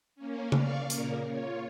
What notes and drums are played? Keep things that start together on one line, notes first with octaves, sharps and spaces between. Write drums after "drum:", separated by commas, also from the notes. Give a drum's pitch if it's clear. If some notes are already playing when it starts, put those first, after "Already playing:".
A#3 C#4
D5 F5 C#6, drum: tom C#3
A#2 C#3 A#3 A#4, drum: hi-hat
F4 C#5